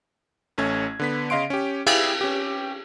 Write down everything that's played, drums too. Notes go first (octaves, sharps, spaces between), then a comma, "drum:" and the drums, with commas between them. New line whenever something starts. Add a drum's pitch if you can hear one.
A1 A3 C#4 G#6
D3 B3 B6
C#3 D#5 F5 C6 D7
C#4 G4
E4 G4 G#4 F5 G5 E6, drum: cymbal
C#4 G4